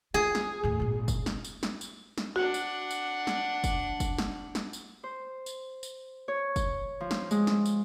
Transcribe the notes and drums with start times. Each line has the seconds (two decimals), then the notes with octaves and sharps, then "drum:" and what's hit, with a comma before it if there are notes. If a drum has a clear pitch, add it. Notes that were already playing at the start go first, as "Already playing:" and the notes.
0.14 F4 G#4
0.35 drum: snare
0.63 D#2 A2
0.80 G#1 A#2
1.08 drum: kick, tambourine
1.26 drum: snare
1.44 drum: tambourine
1.63 drum: snare
1.81 drum: tambourine
2.18 drum: snare
2.36 D4 F#4 F#5
2.54 drum: tambourine
2.91 drum: tambourine
3.27 drum: snare
3.64 drum: kick, tambourine
4.00 drum: kick, tambourine
4.18 drum: snare
4.55 drum: snare
4.73 drum: tambourine
5.04 C5
5.46 drum: tambourine
5.83 drum: tambourine
6.28 C#5
6.56 drum: kick, tambourine
7.00 F3
7.11 drum: snare
7.31 G#3, drum: tambourine
7.47 drum: snare
7.66 drum: tambourine